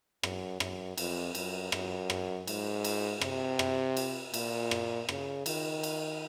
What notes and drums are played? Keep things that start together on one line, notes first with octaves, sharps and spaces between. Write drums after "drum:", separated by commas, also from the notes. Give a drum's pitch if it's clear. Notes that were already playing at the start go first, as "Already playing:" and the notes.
F#2, drum: rim click
F#2, drum: rim click
F2, drum: cymbal
F#2, drum: cymbal
F#2, drum: rim click
drum: rim click
G#2, drum: cymbal
drum: cymbal
C3, drum: rim click
drum: rim click
drum: cymbal
A#2, drum: cymbal
drum: rim click
C#3, drum: rim click
D#3, drum: cymbal
drum: cymbal